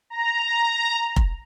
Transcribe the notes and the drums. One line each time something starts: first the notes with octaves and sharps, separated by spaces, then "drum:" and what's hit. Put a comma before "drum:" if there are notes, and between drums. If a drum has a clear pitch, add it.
A#5
drum: kick F1